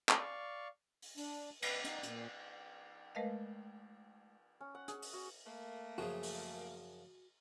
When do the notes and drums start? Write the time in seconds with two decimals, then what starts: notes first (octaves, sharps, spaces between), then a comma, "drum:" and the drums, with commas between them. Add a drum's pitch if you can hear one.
0.09 drum: clap
0.19 D5 F5 C#6
1.02 drum: open hi-hat
1.17 D4, drum: open hi-hat
1.62 B4, drum: cymbal
1.85 D#4, drum: hi-hat
2.03 A#2, drum: hi-hat
3.15 G#3 A3 A#4 B4 D#5 F5
4.60 C#4
4.75 F#5
4.88 G#4, drum: hi-hat
5.02 drum: open hi-hat
5.13 F#4
5.45 A3 A#3
5.98 F#2 C#3 F3 F#4 G#4
6.23 drum: open hi-hat